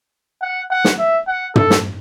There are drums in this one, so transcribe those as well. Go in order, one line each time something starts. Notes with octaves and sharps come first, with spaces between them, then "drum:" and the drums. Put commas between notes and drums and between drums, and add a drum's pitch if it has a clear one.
F#5
F#5
drum: snare
E5
F#5
A4, drum: tom
drum: snare